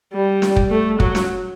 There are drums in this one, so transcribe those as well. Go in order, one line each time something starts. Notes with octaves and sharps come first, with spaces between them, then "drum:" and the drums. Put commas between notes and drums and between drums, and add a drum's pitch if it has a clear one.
G3
drum: snare
drum: kick
A3
F#3, drum: kick
drum: snare